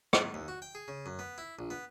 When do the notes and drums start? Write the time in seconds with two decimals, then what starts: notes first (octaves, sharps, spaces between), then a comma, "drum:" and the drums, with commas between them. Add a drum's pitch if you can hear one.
0.13 G#2, drum: rim click
0.34 D#2
0.48 F#4
0.62 G5
0.75 G#4
0.88 C#3
1.06 F#2
1.19 B3
1.38 E4
1.59 A#1
1.71 B3